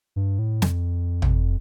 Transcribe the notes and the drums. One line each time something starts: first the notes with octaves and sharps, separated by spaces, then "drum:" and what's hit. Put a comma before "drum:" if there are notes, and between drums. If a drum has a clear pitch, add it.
G2
A2
F2, drum: snare
drum: tom